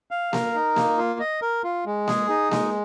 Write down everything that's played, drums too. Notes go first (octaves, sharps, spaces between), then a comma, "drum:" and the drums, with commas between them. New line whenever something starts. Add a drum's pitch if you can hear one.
F5
A#4, drum: snare A#3
D#4
A#3, drum: snare A#3
F4
D#5
A#4
F4
G#3
G#4, drum: snare A#3
D#4
G#3, drum: snare A#3